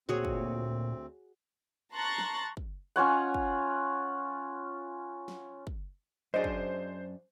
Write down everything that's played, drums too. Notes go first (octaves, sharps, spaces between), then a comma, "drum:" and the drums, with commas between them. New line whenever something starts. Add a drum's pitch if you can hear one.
D2 A#2 C4 F#4 G#4 C#5
drum: kick
A5 A#5 C6 C#6 F#6 A6
drum: snare
drum: kick
C#4 F4 C#5 F#5
drum: kick
drum: snare
drum: kick
F#2 D4 G#4 C5 D#5
drum: kick